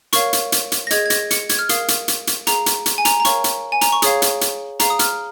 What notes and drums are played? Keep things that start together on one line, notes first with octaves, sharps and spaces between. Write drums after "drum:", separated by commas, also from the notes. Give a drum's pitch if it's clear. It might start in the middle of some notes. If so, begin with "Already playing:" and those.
A#4 C#5 F5 C#6, drum: hi-hat
drum: hi-hat
drum: hi-hat
drum: hi-hat
A#6
G#4 D#5 G#6, drum: hi-hat
G#6
A#6, drum: hi-hat
C#7, drum: hi-hat
G#6, drum: hi-hat
F6
A#4 F5 D#6, drum: hi-hat
drum: hi-hat
drum: hi-hat
drum: hi-hat
G#4 F5 A#5, drum: hi-hat
drum: hi-hat
drum: hi-hat
G#5
A#5, drum: hi-hat
A#5
A#4 C#5 F5 C#6, drum: hi-hat
drum: hi-hat
G#5
A#5, drum: hi-hat
C#6
G#4 C#5 F5 D#6, drum: hi-hat
drum: hi-hat
drum: hi-hat
G#4 F5 A#5, drum: hi-hat
D#6
F6, drum: hi-hat